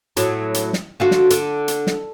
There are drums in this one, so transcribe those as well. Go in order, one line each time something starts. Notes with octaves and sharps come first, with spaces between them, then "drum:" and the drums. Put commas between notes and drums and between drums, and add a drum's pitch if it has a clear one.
A2 F#3, drum: hi-hat
drum: hi-hat
drum: snare
D3 F4 F#4
drum: snare
D3, drum: hi-hat
drum: hi-hat
drum: snare